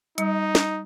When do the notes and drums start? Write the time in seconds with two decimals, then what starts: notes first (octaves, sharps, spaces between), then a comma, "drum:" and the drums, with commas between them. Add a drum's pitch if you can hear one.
0.18 G3 D#4, drum: hi-hat
0.55 drum: snare